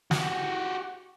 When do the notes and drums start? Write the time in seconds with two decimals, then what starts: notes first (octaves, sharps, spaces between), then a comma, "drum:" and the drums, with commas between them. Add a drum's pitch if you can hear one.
0.11 F#4 G4, drum: snare